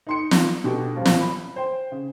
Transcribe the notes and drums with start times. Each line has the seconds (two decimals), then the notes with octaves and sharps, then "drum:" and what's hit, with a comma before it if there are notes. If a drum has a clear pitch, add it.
0.07 D#4 C6 C#7
0.31 drum: snare
0.64 B2 D3 F#4 G4
0.95 D#1 F3 C#4
1.05 drum: snare
1.21 B5
1.56 C5 G5
1.92 C#3